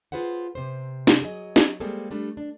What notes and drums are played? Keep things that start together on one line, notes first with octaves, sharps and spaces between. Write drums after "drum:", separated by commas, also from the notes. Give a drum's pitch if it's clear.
F4 G#4 B4 C5 F#5
C3 C5
drum: snare
F#3 G#4 D#5
drum: snare
G3 G#3 A#3 C4 G#4 A4
G3 A3 D4
D4